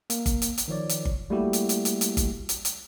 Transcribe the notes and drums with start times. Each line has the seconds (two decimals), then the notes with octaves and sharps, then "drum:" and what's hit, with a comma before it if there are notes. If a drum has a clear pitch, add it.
0.10 A#3, drum: hi-hat
0.26 drum: kick G1, hi-hat
0.42 drum: hi-hat
0.58 drum: hi-hat
0.68 D#3 F3 C#5 D5
0.89 drum: hi-hat
1.05 drum: kick G1
1.30 G3 A3 A#3 E4 F#4 G4
1.53 drum: hi-hat
1.69 drum: hi-hat
1.85 drum: hi-hat
2.01 drum: hi-hat
2.17 drum: kick G1, hi-hat
2.49 drum: hi-hat
2.65 drum: hi-hat